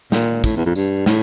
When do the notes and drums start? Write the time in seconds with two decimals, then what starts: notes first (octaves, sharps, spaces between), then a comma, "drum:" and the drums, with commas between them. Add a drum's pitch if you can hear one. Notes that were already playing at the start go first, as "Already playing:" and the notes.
0.12 A#2, drum: snare
0.44 A2, drum: kick, tambourine
0.56 E2
0.66 F2
0.75 G2, drum: tambourine
1.06 A2, drum: snare